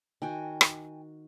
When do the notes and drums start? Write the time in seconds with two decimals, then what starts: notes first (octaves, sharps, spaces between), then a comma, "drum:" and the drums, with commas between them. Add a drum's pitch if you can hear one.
0.22 D#3 F#4 G5 G#5
0.61 drum: rim click